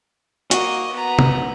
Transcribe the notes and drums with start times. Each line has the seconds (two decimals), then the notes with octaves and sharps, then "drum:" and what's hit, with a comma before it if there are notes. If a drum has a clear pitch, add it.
0.51 A#3 F#4 D#5, drum: hi-hat
0.93 B3 A#5
1.19 drum: tom